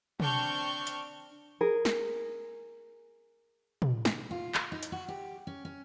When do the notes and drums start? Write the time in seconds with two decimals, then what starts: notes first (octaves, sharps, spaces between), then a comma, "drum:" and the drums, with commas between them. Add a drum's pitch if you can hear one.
0.20 C4 D4 A5 C#6 F6 G6, drum: tom
0.87 drum: hi-hat
1.61 G#4 A#4
1.85 drum: snare
3.82 drum: tom
4.05 drum: snare
4.31 F4
4.55 F4, drum: clap
4.72 D#4
4.83 drum: hi-hat
4.92 F#4
5.08 G4
5.47 C#4
5.65 C#4